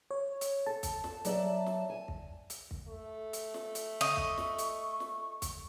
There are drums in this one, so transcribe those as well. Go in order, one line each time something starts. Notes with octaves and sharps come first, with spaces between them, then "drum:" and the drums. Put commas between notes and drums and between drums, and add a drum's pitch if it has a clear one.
C#5
drum: hi-hat
A4 A5
drum: kick, hi-hat
drum: snare
F#3 D5 E5, drum: hi-hat
drum: snare
G#5
drum: kick
drum: hi-hat
drum: kick
A3
drum: hi-hat
drum: snare
drum: hi-hat
D#5 C#6
drum: kick
drum: snare
drum: hi-hat
drum: snare
drum: kick, hi-hat